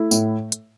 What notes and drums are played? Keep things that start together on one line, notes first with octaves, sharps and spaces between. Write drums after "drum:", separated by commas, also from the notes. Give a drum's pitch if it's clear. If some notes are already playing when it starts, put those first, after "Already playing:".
Already playing: A3 E4
A2, drum: tambourine
drum: hi-hat